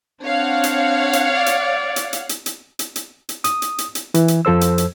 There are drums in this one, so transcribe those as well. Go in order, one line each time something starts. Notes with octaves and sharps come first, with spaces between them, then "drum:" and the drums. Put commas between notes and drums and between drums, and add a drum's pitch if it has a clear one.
C4 D4 C#5 F5 F#5
drum: hi-hat
drum: hi-hat
D5
drum: hi-hat
drum: hi-hat
drum: hi-hat
drum: hi-hat
drum: hi-hat
drum: hi-hat
drum: hi-hat
drum: hi-hat
D#6, drum: hi-hat
drum: hi-hat
drum: hi-hat
drum: hi-hat
E3, drum: hi-hat
drum: hi-hat
F2 F3 A4 C5 E6
drum: hi-hat
drum: hi-hat